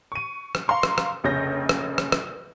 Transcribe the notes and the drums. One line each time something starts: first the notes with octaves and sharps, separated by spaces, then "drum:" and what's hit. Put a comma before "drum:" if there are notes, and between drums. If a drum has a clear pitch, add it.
C#6 D#7
drum: rim click
F5 A#5 C6 C#6
drum: rim click
drum: rim click
F1 A#1 C#3 C#5 G6 A#6
drum: rim click
drum: rim click
drum: rim click